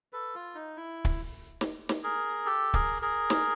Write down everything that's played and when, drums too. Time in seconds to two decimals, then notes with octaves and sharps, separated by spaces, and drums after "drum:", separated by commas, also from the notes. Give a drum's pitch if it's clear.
0.13 A4 B4
0.35 F4
0.55 D#4
0.76 E4
1.05 drum: kick
1.61 drum: snare
1.89 drum: snare
2.03 G#4 A#4
2.46 G4 A4
2.74 G#4 A#4, drum: kick
3.02 G#4 A#4
3.30 drum: snare